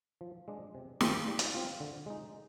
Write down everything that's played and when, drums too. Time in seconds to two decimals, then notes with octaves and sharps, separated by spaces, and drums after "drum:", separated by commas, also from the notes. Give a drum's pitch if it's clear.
0.21 F3
0.48 G#3 D4
0.75 C3
1.01 D#3 G#3 C4 F4, drum: snare
1.28 G3
1.39 drum: hi-hat
1.54 C4 F4
1.80 D3
2.06 G#3 D#4